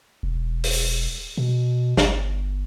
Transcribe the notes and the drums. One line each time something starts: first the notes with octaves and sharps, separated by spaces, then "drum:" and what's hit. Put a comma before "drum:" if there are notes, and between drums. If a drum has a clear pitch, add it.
E1
drum: open hi-hat
B2
G1, drum: snare